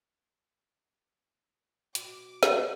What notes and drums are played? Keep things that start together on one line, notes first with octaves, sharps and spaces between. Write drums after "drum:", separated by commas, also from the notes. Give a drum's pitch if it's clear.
B2 D6, drum: hi-hat
drum: snare